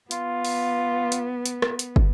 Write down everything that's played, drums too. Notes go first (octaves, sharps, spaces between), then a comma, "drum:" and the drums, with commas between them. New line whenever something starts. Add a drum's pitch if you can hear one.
B3 F4, drum: hi-hat
drum: open hi-hat
drum: hi-hat
drum: hi-hat
drum: rim click
drum: hi-hat
drum: kick